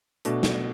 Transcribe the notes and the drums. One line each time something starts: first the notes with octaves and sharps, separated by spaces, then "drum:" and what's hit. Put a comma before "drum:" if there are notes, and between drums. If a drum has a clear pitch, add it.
B2 A3 D4, drum: hi-hat
drum: snare